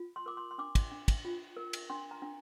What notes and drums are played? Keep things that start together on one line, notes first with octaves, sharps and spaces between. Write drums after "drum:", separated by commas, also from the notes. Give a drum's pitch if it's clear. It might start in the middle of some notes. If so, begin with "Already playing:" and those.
Already playing: F4
C6
A#4 D6
C6
C6
D4 D6
drum: kick, cymbal
D4
drum: kick, cymbal
F4
A#4
drum: cymbal
D4 C6
A#5
D4